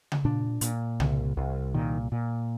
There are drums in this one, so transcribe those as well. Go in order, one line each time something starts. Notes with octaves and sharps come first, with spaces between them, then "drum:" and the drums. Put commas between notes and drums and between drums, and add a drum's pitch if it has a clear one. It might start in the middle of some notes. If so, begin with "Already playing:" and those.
drum: tom C#3
A#2 D4
A#2, drum: hi-hat
C2, drum: tom C#3
C2
A#2 D#3
A#2